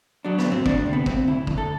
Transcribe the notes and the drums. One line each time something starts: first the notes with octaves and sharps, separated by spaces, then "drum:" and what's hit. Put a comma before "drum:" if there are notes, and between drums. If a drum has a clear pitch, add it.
F#3 D4
B3, drum: snare
D2
C4, drum: tom G#2
D2 D4, drum: kick
C3
B3
D2 C4, drum: kick
D2 E4
D2, drum: kick
A4